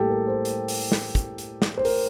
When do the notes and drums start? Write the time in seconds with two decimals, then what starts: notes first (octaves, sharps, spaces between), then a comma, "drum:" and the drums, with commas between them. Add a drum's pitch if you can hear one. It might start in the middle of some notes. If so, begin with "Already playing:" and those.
Already playing: A2 G3 A#3 G4 A4
0.10 A#4
0.27 C5
0.45 drum: hi-hat
0.68 drum: open hi-hat
0.92 drum: snare
1.15 drum: kick, hi-hat
1.38 drum: hi-hat
1.62 drum: snare
1.78 C5
1.85 A#4, drum: open hi-hat